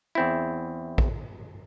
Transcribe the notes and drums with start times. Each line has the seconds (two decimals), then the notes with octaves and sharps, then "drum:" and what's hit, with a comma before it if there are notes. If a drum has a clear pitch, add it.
0.15 E2 C4 E4
0.98 drum: kick A#1